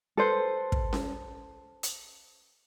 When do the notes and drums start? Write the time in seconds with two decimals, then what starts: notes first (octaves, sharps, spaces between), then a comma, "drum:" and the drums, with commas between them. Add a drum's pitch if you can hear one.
0.17 A4 B4 C5
0.72 drum: kick
0.93 drum: snare C#4
1.83 drum: hi-hat